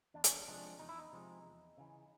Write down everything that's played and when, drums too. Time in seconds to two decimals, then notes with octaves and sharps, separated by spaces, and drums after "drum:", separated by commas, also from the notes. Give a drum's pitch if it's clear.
0.14 E2 D4
0.24 C#4, drum: hi-hat
0.32 D4
0.47 C3 F3 G#3 D4
0.79 E2 D#4
0.89 E4
0.99 D#4
1.12 C3 F3 G#3
1.45 E2
1.78 C#3 E3